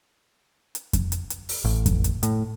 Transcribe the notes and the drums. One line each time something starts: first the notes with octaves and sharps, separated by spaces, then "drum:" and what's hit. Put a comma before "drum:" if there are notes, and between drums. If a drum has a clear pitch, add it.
drum: hi-hat
drum: kick F2, hi-hat
drum: hi-hat
drum: hi-hat
drum: open hi-hat
A1
drum: kick F2, hi-hat
drum: hi-hat
A2, drum: hi-hat